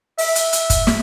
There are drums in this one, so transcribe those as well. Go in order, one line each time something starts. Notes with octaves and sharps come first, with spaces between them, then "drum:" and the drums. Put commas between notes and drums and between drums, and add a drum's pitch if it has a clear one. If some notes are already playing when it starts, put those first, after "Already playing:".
E5, drum: open hi-hat
drum: hi-hat
drum: hi-hat
drum: kick, hi-hat
drum: snare